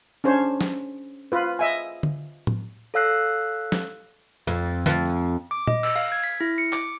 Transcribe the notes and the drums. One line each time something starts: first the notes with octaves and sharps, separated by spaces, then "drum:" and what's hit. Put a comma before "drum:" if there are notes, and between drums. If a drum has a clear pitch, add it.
C#4 D4 C5 C#5
drum: snare
F4 B4
D#5 E5 G#5
drum: tom D3
drum: tom A2
A4 C#5 F5 E6 F#6 C7
drum: snare
F2
F2, drum: tom D3
D6
D#5, drum: tom A#2
E6, drum: cymbal
F5
G#6
B6
E4
C#7
D6, drum: clap